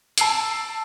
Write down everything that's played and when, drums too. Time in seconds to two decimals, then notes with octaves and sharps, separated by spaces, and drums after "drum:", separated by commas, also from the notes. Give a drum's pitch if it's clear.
0.18 A5 E6 C7 D7, drum: hi-hat